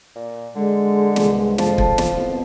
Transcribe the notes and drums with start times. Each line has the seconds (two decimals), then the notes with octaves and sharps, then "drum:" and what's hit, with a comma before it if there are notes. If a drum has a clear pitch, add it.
0.16 A#2
0.56 D3 G#3
1.16 C2 G2, drum: snare
1.58 F2 F3 A5, drum: snare
1.78 drum: kick
1.98 drum: snare
2.12 C2 F2 B3